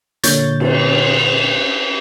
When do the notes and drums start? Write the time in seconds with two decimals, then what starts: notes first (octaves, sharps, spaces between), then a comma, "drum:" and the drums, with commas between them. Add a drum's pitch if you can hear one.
0.23 A#2 D3 C#5 G6 A6, drum: hi-hat
0.60 drum: cymbal